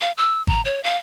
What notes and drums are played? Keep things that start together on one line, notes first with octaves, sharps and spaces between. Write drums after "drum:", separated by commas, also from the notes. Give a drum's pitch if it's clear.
F5
E6
A#5, drum: kick G#1
C#5
F5